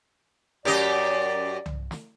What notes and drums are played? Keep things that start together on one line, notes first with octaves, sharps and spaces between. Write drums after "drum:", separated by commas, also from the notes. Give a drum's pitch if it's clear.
F#2 G4 D5 D#5, drum: snare
drum: tom C2
drum: snare